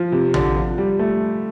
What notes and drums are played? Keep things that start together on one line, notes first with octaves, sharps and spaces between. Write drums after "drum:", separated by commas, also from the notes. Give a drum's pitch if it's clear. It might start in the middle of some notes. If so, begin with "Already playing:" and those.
Already playing: F3
C3
D3, drum: tom
F3
G3
A3